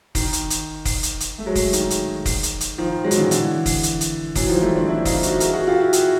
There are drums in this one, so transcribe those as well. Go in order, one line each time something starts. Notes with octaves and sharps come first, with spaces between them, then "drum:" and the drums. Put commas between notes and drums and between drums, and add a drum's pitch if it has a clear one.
D#3, drum: kick, open hi-hat
drum: hi-hat
drum: hi-hat
drum: kick, open hi-hat
drum: hi-hat
drum: hi-hat
A3
F#3 G#3
drum: kick, open hi-hat
D#3, drum: hi-hat
drum: hi-hat
drum: kick, open hi-hat
drum: hi-hat
drum: hi-hat
D#3 F3
F#3 G#3
D#3, drum: hi-hat
D3 E3
D3 E3, drum: hi-hat
drum: kick, open hi-hat
drum: hi-hat
drum: hi-hat
E3 F#3, drum: kick, open hi-hat
D#3 F3
G3 A3
C4 D4
D4 E4
D#4 F4, drum: kick, open hi-hat
E4 F#4, drum: hi-hat
G#4 A#4, drum: hi-hat
F#4 G#4
F4 G4
E4 F#4
F#4 G#4, drum: hi-hat